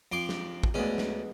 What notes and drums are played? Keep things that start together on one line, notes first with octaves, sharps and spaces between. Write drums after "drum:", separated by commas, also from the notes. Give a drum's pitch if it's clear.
F2 C6 D6
drum: snare
drum: kick
D2 G#3 B3 C#4 G#4
drum: snare